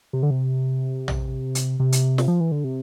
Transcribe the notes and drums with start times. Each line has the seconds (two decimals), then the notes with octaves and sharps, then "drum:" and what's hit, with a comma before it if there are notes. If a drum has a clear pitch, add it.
0.13 C3
0.23 D3
0.31 C3
1.08 drum: tom A#1
1.55 drum: hi-hat
1.80 C3
1.92 drum: hi-hat
2.18 drum: snare
2.28 F3
2.40 E3
2.52 D3
2.64 C3